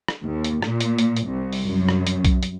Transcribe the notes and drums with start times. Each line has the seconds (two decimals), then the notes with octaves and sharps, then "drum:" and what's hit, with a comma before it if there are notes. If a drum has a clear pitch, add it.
0.08 drum: rim click
0.22 D#2
0.44 drum: hi-hat
0.62 A#2, drum: rim click
0.80 drum: hi-hat
0.98 drum: hi-hat
1.17 drum: hi-hat
1.26 C2
1.53 drum: open hi-hat
1.63 F#2
1.89 drum: rim click
2.07 drum: hi-hat
2.25 drum: kick B1, hi-hat
2.43 drum: hi-hat